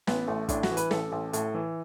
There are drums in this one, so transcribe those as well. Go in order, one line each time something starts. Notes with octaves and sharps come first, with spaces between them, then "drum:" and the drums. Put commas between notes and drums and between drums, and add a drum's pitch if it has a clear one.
A1 B3, drum: snare
A1 A3
A2 D4, drum: kick, hi-hat
F#4, drum: snare
E3
B4, drum: hi-hat
A1 A4, drum: snare
A1
A2, drum: hi-hat
E3